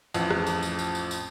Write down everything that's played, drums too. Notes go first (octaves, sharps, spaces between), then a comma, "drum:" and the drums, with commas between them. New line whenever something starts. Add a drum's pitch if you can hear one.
A1 F2, drum: tambourine
drum: rim click
drum: tambourine
drum: tambourine
drum: tambourine
drum: tambourine
drum: tambourine